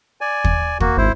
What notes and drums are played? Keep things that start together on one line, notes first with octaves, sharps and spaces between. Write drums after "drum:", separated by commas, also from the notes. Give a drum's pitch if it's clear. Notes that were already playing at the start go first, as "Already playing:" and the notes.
D5 G#5
drum: kick
A#3 F#4, drum: kick
G#1 E4 C5